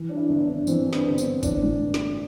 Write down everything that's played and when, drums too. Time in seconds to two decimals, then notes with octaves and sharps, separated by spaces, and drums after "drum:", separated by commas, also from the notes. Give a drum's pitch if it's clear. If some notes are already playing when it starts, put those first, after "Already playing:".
Already playing: E3
0.09 G2 D4
0.17 E4
0.29 G1
0.42 D4
0.48 G1
0.67 E3 C4, drum: tambourine
0.86 G2
0.93 B3, drum: snare
1.06 G1
1.18 C4, drum: tambourine
1.24 G1
1.43 E3 D4, drum: kick G1, tambourine
1.63 A2
1.94 drum: snare